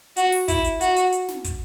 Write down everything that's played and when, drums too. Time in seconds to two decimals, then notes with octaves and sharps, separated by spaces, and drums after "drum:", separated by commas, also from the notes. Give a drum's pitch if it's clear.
0.17 F#4, drum: hi-hat
0.32 drum: open hi-hat
0.48 E4, drum: kick, hi-hat
0.64 drum: hi-hat
0.81 F#4, drum: hi-hat
0.96 drum: hi-hat
1.12 drum: hi-hat
1.28 drum: snare
1.44 drum: kick, hi-hat